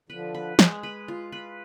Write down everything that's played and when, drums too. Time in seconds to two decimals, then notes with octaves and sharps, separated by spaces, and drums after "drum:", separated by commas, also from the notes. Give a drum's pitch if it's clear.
0.09 D3 F3 B4
0.34 B4
0.59 G#3, drum: snare
0.83 B4
1.08 F4
1.32 B4